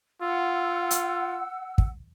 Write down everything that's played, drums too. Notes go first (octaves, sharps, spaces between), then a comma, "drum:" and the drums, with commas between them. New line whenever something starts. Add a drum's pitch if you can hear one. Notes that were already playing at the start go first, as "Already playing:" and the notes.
F4 F#5 E6
drum: hi-hat
drum: kick